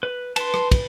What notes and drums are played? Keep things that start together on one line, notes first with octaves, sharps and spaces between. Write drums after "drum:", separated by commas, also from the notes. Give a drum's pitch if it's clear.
B4
B4 A5 C6, drum: cymbal
drum: rim click
drum: kick, cymbal